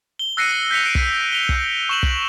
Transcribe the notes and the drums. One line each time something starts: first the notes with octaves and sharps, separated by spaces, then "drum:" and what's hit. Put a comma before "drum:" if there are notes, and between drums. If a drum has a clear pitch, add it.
G7
E6 F#6 A#6 C7 C#7 D#7
G6 B6 C#7 F7
F#6 D7 D#7
drum: kick
F7 G7
drum: kick
C#6 E7 F#7
drum: kick